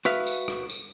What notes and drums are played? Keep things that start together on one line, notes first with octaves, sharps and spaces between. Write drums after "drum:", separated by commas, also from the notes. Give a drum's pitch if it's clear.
F#4 B4 E5 F5, drum: rim click
drum: tambourine
drum: rim click
drum: tambourine